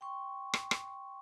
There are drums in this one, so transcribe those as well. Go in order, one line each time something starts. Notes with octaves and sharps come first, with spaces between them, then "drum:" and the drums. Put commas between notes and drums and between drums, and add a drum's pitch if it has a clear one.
G5 C6 C#6
drum: rim click
drum: rim click